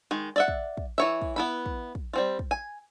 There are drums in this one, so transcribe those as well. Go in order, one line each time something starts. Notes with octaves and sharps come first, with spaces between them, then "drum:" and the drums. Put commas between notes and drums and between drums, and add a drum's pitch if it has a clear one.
D#3 G#3
D5 E5 F#5
drum: kick
drum: kick
E3 C#5 E5
drum: kick
B3 E4 B5
drum: kick
drum: kick
G3 C4 F4
drum: kick
G#5